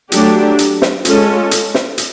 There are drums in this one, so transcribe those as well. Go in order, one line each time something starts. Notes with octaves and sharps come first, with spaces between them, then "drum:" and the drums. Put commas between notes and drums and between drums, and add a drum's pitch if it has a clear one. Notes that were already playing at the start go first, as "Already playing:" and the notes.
F#3 A3 D4 G4, drum: hi-hat
drum: hi-hat
drum: snare
G#3 C#4 F4 A4, drum: hi-hat
drum: hi-hat
drum: snare
drum: hi-hat